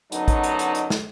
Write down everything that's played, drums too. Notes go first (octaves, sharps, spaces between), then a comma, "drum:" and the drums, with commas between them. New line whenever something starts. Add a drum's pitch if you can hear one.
F#2 D3 F#3 B3 D#4, drum: hi-hat
drum: kick, hi-hat
drum: hi-hat
drum: hi-hat
drum: hi-hat
drum: snare